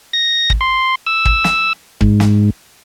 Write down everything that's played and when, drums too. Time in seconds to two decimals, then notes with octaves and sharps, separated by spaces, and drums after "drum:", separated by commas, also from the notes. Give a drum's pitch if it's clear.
0.13 A#6
0.50 drum: kick
0.61 C6
1.06 E6
1.25 drum: kick
1.44 drum: snare
2.01 G#2, drum: kick
2.20 drum: snare